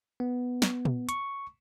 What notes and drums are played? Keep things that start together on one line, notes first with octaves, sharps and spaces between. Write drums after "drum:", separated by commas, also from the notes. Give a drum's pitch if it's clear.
B3
drum: snare
drum: tom A#2
C#6, drum: hi-hat